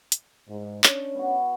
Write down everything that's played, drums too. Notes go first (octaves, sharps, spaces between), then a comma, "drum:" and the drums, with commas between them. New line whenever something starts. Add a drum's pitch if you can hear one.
drum: hi-hat
G#2
C#4 D4 C#5, drum: clap
B3 F#4